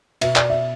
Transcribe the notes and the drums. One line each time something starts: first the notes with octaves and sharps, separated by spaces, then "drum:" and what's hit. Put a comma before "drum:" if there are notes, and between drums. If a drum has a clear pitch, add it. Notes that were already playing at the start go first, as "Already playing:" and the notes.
B2 B3 E5, drum: cymbal
D5, drum: clap
E5